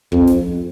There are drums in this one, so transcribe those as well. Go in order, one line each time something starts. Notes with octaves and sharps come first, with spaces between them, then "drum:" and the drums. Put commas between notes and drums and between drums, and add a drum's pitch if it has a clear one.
F2, drum: kick
drum: snare